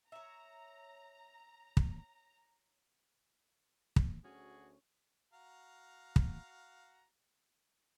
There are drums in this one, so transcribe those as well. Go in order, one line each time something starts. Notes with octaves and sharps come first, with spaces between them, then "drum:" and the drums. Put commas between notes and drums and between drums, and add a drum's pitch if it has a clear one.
C#5 E5 A#5
drum: kick
drum: kick
D2 C#4 F#4 G#4
F#4 F5 A#5
drum: kick